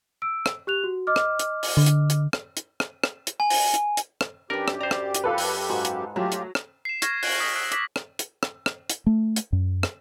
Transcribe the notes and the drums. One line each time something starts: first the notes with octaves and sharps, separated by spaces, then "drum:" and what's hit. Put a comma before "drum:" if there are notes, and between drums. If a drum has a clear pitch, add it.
E6 D7
drum: rim click
G4 F#6 F7
F#4
D#5 D6 F6
drum: rim click
drum: hi-hat
drum: open hi-hat
D3
drum: hi-hat
drum: hi-hat
drum: rim click
drum: hi-hat
drum: rim click
drum: rim click
drum: hi-hat
G#5
drum: open hi-hat
drum: hi-hat
drum: hi-hat
drum: rim click
F#2 D4 G4 A#4 B4
drum: rim click
C5 D5 A#5
drum: rim click
drum: hi-hat
F4 A4 B4
drum: open hi-hat
G#2 F#4
drum: hi-hat
F#3 A3 F4 G4
drum: hi-hat
drum: rim click
C7 E7
C#6 F6 G#6 A#6, drum: hi-hat
F#6 D7 F#7, drum: open hi-hat
D#6 A#6 B6
E6 F#6 C7 D7
D6 B6, drum: hi-hat
drum: rim click
drum: hi-hat
drum: rim click
drum: rim click
drum: hi-hat
A3
drum: hi-hat
F#2
drum: rim click